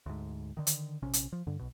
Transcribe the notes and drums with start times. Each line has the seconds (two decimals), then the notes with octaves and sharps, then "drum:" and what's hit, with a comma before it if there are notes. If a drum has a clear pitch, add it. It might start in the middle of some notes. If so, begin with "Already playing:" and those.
0.06 D2 G#2
0.57 D3 D#3
0.67 drum: hi-hat
1.02 A#1 C3 C#4
1.13 drum: hi-hat
1.32 F3
1.47 G2 D3
1.59 B1 B2